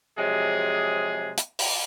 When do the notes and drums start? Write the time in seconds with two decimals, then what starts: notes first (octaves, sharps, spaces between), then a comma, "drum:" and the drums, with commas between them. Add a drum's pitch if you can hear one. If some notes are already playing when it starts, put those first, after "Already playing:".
0.18 C3 F3 F#3 G#3 G#4
1.37 drum: hi-hat
1.59 drum: open hi-hat